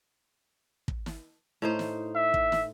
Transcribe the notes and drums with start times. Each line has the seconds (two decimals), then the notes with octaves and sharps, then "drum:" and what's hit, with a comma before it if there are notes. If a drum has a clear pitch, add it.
0.88 drum: kick
1.06 drum: snare
1.62 A2 D#4 C5
1.79 drum: snare
2.16 E5
2.34 drum: kick
2.52 drum: snare